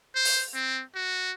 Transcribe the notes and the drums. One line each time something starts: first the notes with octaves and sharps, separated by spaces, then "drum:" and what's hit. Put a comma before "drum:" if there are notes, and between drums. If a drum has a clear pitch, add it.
C5
drum: open hi-hat
C4
F#4